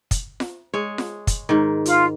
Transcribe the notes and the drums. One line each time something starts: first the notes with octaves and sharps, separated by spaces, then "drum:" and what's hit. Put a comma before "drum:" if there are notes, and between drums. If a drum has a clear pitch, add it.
drum: kick, hi-hat
drum: snare F4
G#3 C#5
drum: snare F4
drum: kick, hi-hat
G#2 D#3
F4, drum: hi-hat